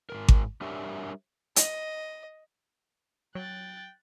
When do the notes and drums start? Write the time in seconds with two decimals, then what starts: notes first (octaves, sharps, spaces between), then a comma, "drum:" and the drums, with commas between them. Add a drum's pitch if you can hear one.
0.10 G#2 D#3 A#4
0.28 drum: kick G#1
0.61 G3 D4 G4 A#4 C#5 E5
1.56 D#5, drum: hi-hat
3.35 F#3 G5 F#6 A6